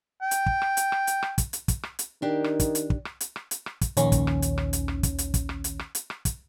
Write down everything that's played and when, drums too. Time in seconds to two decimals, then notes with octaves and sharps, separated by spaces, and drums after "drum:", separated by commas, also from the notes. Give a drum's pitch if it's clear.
0.22 G5
0.31 drum: hi-hat
0.46 drum: kick
0.62 drum: rim click
0.77 drum: hi-hat
0.92 drum: rim click
1.07 drum: hi-hat
1.23 drum: rim click
1.38 drum: kick, hi-hat
1.53 drum: hi-hat
1.68 drum: kick, hi-hat
1.83 drum: rim click
1.99 drum: hi-hat
2.22 D#3 D4 G4
2.44 drum: rim click
2.60 drum: kick, hi-hat
2.75 drum: hi-hat
2.90 drum: kick
3.05 drum: rim click
3.21 drum: hi-hat
3.36 drum: rim click
3.51 drum: hi-hat
3.66 drum: rim click
3.81 drum: kick, hi-hat
3.97 A#1 D#2 D#3 C#4, drum: hi-hat
4.12 drum: kick, hi-hat
4.27 drum: rim click
4.42 drum: hi-hat
4.58 drum: rim click
4.73 drum: hi-hat
4.88 drum: rim click
5.03 drum: kick, hi-hat
5.18 drum: hi-hat
5.34 drum: kick, hi-hat
5.49 drum: rim click
5.64 drum: hi-hat
5.79 drum: rim click
5.95 drum: hi-hat
6.10 drum: rim click
6.25 drum: kick, hi-hat